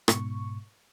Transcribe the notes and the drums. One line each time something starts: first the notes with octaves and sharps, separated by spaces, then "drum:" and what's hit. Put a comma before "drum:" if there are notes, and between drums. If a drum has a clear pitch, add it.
G#2 B2 C#6, drum: rim click